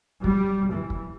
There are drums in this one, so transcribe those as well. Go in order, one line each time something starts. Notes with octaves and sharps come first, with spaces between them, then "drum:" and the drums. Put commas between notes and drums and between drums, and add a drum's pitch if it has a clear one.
G3, drum: kick
E3
drum: kick